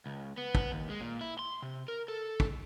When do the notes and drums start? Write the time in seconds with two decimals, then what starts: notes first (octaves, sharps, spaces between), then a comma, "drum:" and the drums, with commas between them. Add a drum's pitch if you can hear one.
0.06 C#2
0.38 B3
0.55 drum: kick
0.72 D#2
0.90 G#3
1.01 A#2
1.21 E4
1.39 C6
1.62 C3
1.88 A#4
2.08 A4
2.40 drum: kick